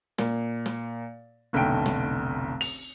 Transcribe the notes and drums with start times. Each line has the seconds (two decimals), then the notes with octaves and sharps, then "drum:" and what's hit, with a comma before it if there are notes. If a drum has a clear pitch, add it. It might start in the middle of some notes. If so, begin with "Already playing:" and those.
0.18 A#2, drum: snare
0.66 drum: snare
1.53 F1 B1 D3 A3 G5 D7
1.86 drum: snare
2.61 F7, drum: open hi-hat